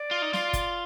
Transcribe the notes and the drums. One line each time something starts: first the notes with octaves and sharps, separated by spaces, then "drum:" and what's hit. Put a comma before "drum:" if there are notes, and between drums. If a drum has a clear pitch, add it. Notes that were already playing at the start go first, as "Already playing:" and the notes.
Already playing: D5
F4
D#4
F4, drum: snare
drum: kick, hi-hat